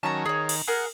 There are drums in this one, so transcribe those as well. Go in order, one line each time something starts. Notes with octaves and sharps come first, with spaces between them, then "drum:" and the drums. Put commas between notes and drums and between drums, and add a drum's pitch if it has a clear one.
D#3 F#3 C#4 A5 A#5
D#3 G#4 C#5
drum: cymbal
G#4 A#4 F#5